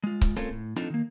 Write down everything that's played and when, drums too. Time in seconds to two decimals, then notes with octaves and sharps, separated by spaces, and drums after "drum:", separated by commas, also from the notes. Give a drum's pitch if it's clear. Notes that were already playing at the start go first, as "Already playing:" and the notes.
0.04 G#3 F4
0.21 drum: kick C#1, hi-hat
0.37 A3 C4 C#4 F4 A4 A#4, drum: hi-hat
0.50 A2
0.76 F3 C4 D4 D#4 F4 A4, drum: hi-hat
0.90 D#3 A#3